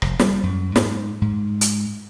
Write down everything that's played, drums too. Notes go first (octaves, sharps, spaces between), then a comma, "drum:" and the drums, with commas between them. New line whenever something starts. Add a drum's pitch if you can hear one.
F1, drum: rim click
G3, drum: snare
F#2
G#2, drum: snare
G#2
drum: hi-hat